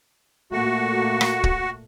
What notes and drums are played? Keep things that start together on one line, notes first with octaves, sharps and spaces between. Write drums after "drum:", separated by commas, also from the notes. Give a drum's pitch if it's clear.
A#2 A3 A#3 F#4
drum: rim click
drum: kick